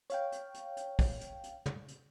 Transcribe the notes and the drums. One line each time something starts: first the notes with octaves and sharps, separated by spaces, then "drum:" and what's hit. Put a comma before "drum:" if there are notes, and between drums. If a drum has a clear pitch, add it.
C#5 F5 G5, drum: hi-hat
drum: hi-hat
drum: hi-hat
drum: hi-hat
drum: kick, open hi-hat
drum: hi-hat
drum: hi-hat
drum: tom
drum: hi-hat